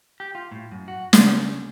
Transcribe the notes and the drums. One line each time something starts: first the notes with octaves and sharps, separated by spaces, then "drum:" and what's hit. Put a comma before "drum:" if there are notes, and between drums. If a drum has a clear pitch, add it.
G4
F4
A2
F#2
F#4
C#3, drum: snare